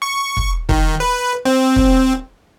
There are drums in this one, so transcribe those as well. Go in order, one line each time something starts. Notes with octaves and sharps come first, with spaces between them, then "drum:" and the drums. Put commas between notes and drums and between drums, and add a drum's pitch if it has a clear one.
C#6
drum: kick
D#3, drum: kick
B4
C4
drum: kick